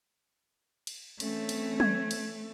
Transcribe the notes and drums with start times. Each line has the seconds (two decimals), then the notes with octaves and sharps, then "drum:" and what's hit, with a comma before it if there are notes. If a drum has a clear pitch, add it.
0.87 drum: cymbal
1.20 E3 A3 C4 C#4, drum: cymbal
1.49 drum: cymbal
1.80 G#6, drum: tom
2.11 drum: cymbal